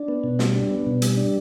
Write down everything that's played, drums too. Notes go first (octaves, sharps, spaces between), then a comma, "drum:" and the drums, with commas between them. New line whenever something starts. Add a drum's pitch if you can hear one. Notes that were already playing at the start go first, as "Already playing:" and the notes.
Already playing: D4
B3
B2
G3, drum: snare
D4
B3
B2
G3, drum: hi-hat
D4